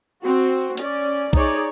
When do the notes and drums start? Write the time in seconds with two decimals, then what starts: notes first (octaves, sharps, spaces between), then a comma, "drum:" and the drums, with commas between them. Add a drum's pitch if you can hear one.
0.23 C4 F#4
0.77 C#4 D5, drum: hi-hat
1.33 D#4 G#4 C#5 D5, drum: kick B1